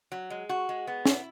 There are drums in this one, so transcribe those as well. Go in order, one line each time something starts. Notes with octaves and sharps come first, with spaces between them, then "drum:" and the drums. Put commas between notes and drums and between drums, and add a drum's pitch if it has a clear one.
F#3
G#3
F#4
G#3
B3
E4, drum: snare